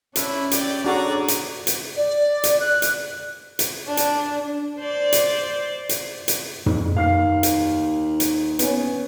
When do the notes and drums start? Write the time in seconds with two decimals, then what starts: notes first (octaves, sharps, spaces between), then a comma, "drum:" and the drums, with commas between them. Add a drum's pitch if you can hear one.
0.16 C#4 D4 E4, drum: hi-hat
0.51 G4 D5, drum: hi-hat
0.85 D4 F#4 G#4 A4 C#5 D5 A#5
1.28 drum: hi-hat
1.67 drum: hi-hat
1.97 D5
2.44 drum: hi-hat
2.60 F#6
2.82 drum: hi-hat
3.59 drum: hi-hat
3.87 D4
3.97 drum: hi-hat
4.80 C5 D5
5.13 drum: hi-hat
5.89 drum: hi-hat
6.28 drum: hi-hat
6.66 drum: tom
6.97 D#2 F5 F6 C7
7.43 drum: hi-hat
8.20 drum: hi-hat
8.59 B3 C#4, drum: hi-hat